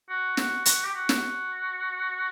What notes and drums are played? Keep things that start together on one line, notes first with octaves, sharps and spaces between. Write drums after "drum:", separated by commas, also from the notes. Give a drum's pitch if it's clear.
F#4
F#4, drum: snare
F#4, drum: hi-hat
G4
F#4
drum: snare